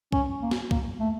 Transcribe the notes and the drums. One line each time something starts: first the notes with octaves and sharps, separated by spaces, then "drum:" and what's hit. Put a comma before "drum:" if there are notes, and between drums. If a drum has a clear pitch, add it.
C#4, drum: kick
A#3
drum: snare
A#3, drum: kick
A3